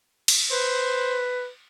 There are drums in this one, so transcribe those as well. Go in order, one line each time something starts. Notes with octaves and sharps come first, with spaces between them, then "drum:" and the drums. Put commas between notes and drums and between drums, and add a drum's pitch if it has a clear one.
drum: cymbal
B4 C5